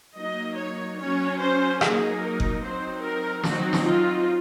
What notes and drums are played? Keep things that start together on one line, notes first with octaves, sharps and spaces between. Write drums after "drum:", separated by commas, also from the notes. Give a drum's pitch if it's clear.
F#3 A#3 D#4 D#5
C#5
F#3 C#4 C#5
C5
F#3 A#3 D#4 G#4, drum: rim click
A#4
drum: kick F#1
F#3 C4 D#4 C5
A#4
F#3 C4 D#4 F#4, drum: snare
drum: snare
F4